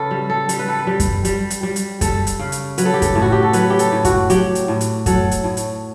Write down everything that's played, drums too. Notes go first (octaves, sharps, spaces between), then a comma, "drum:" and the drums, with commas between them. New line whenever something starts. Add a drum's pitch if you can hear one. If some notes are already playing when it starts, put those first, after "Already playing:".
Already playing: C#3 A4 B4
G3
A4
G3, drum: hi-hat
B4
A4
B4
G3
drum: kick F#2, hi-hat
G3, drum: hi-hat
drum: hi-hat
G3
drum: hi-hat
G3 A4, drum: kick F#2, hi-hat
drum: hi-hat
C#3
drum: hi-hat
F#3 B4, drum: hi-hat
A4
G4
A4, drum: kick F#2, hi-hat
A2
F#4
G4
A4
F#3 B4, drum: hi-hat
G4
A4, drum: hi-hat
A2
F#4, drum: kick F#2, hi-hat
F#3 G4, drum: hi-hat
drum: hi-hat
A2
drum: hi-hat
F#3 A4, drum: kick F#2, hi-hat
drum: hi-hat
A2
drum: hi-hat